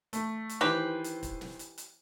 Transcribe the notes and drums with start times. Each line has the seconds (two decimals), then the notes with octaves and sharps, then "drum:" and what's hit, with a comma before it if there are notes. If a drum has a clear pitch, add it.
0.13 A3, drum: hi-hat
0.49 drum: hi-hat
0.61 D#3 E3 G4 B4 C5
1.04 drum: hi-hat
1.23 drum: kick, hi-hat
1.41 drum: snare
1.59 drum: hi-hat
1.78 drum: hi-hat